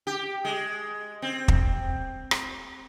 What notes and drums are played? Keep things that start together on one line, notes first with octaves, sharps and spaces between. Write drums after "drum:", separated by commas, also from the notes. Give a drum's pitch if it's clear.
G4
G#3
C4
drum: kick
drum: rim click